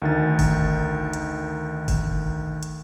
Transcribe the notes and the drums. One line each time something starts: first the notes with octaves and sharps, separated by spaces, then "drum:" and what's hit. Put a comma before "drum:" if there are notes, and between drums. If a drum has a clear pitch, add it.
D2 D#3 A6
drum: kick G1, open hi-hat
drum: hi-hat
drum: kick G1, open hi-hat
drum: hi-hat